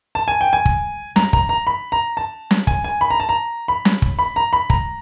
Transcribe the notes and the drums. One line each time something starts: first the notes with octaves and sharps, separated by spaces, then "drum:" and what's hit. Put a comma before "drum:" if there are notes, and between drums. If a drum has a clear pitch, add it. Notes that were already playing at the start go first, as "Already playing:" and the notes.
A5
G#5
G5
G#5
drum: kick
A#5, drum: snare
A#5, drum: kick
A#5
B5
A#5
A5
drum: snare
G#5, drum: kick
G#5
B5
A#5
A5
A#5
B5
drum: snare
drum: kick
B5
A#5
B5
A#5, drum: kick